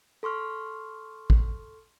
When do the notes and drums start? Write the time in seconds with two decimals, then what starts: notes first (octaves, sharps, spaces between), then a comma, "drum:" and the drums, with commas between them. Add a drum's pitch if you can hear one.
0.23 A4 C6 C#6 F6
1.30 drum: kick